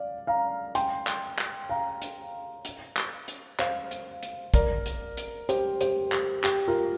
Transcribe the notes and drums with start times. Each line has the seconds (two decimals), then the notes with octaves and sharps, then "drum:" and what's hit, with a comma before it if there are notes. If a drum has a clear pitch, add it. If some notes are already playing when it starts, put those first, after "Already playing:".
Already playing: D5 F5
0.27 F5 A#5
0.75 G5 C6, drum: hi-hat
1.07 drum: clap
1.38 drum: clap
1.69 F5 A#5
2.02 drum: hi-hat
2.65 drum: hi-hat
2.96 drum: clap
3.28 drum: hi-hat
3.59 C5 F5, drum: clap
3.91 drum: hi-hat
4.23 drum: hi-hat
4.54 A#4 D5, drum: kick, hi-hat
4.86 drum: hi-hat
5.17 drum: hi-hat
5.49 G4 C5, drum: hi-hat
5.81 G4 C5, drum: hi-hat
6.12 G4, drum: clap
6.44 G4, drum: clap
6.68 F4 A#4